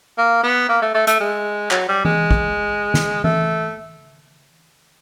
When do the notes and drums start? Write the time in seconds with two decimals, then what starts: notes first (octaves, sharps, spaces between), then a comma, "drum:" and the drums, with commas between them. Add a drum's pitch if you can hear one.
0.18 A#3
0.43 B3
0.69 A#3
0.82 A3
0.94 A3
1.07 A3, drum: hi-hat
1.20 G#3
1.71 F#3, drum: clap
1.88 G3
2.05 G#3, drum: tom E3
2.31 drum: kick
2.94 drum: snare
3.24 A3, drum: tom E3